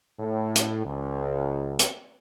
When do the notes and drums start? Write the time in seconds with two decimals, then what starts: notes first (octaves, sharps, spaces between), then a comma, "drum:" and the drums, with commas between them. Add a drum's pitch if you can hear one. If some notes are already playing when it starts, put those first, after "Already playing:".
0.20 A2
0.56 drum: hi-hat
0.85 C#2
1.79 drum: hi-hat